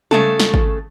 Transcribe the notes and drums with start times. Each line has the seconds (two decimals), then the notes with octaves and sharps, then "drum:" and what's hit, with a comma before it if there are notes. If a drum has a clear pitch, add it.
0.11 C#3 A3 A4, drum: tom G3
0.40 drum: snare
0.54 drum: kick